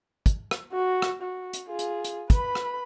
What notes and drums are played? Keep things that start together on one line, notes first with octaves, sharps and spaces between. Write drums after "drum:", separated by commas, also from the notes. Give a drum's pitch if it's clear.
drum: kick, hi-hat
drum: rim click
F#4
drum: rim click
F#4
drum: hi-hat
F4 G#4
drum: hi-hat
drum: hi-hat
B4 B5, drum: kick, hi-hat
drum: rim click